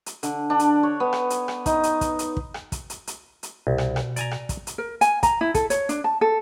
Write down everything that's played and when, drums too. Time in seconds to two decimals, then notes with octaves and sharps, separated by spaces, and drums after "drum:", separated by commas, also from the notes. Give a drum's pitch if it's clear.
0.06 drum: hi-hat
0.23 D3, drum: hi-hat
0.50 D4
0.59 drum: hi-hat
0.83 C#5
1.00 B3
1.13 drum: rim click
1.30 drum: hi-hat
1.48 drum: rim click
1.66 D#4, drum: kick, hi-hat
1.83 drum: hi-hat
2.01 drum: kick, hi-hat
2.19 drum: hi-hat
2.37 drum: kick
2.54 drum: rim click
2.72 drum: kick, hi-hat
2.90 drum: hi-hat
3.07 drum: hi-hat
3.43 drum: hi-hat
3.67 C2 B2
3.78 drum: rim click
3.96 drum: rim click
4.16 D5 G#5 A#5, drum: hi-hat
4.31 drum: rim click
4.49 drum: kick, hi-hat
4.67 drum: hi-hat
4.78 A#4
5.01 G#5, drum: hi-hat
5.23 A#5, drum: kick, hi-hat
5.41 E4
5.54 A4, drum: kick, hi-hat
5.70 C#5, drum: hi-hat
5.89 D4, drum: hi-hat
6.04 A5
6.21 A4